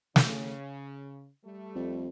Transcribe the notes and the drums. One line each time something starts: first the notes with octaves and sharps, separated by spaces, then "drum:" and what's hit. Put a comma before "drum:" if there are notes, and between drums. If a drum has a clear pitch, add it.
C#3, drum: snare
G3 A3
F2